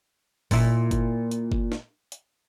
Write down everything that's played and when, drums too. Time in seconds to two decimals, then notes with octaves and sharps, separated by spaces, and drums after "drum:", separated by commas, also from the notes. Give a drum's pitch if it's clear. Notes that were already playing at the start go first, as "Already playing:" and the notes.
0.51 A#2 E4, drum: kick G1, open hi-hat
0.91 drum: kick G1, hi-hat
1.31 drum: hi-hat
1.52 drum: kick G1
1.72 drum: snare
2.12 drum: hi-hat